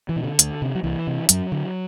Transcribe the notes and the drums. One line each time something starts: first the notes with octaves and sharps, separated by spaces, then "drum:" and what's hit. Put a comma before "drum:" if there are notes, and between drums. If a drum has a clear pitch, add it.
E3
B2
D3
D2, drum: hi-hat
C3
F#3
C2 E3
C3
F#2 F#3, drum: hi-hat
D3